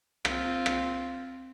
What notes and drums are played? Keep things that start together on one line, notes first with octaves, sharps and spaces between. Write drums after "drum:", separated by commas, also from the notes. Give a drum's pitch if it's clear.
C4 F4, drum: rim click
drum: rim click